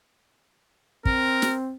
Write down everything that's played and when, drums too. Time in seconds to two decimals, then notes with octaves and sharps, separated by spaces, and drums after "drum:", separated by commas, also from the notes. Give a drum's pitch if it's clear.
1.05 C4 A#4, drum: kick
1.42 drum: snare